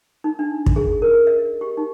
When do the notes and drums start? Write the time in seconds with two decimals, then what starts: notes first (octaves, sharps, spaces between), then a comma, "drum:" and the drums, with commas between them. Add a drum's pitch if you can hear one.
0.24 D#4
0.39 D4
0.66 drum: kick
0.76 G#4
1.02 A#4
1.27 D#5
1.61 G4
1.77 D#4